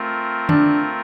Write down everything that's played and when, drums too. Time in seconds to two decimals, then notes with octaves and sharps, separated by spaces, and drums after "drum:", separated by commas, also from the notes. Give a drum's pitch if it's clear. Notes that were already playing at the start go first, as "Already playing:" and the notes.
Already playing: A3 C4 F4 A#4
0.49 D4, drum: tom D3